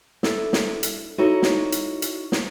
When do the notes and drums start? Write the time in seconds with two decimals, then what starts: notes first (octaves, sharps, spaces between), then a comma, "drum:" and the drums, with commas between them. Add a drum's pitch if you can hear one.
0.23 D4 E4 A4, drum: snare
0.53 drum: snare
0.83 drum: hi-hat
1.18 D#4 E4 F#4 A4 C#5
1.42 drum: snare
1.72 drum: hi-hat
2.02 drum: hi-hat
2.32 drum: snare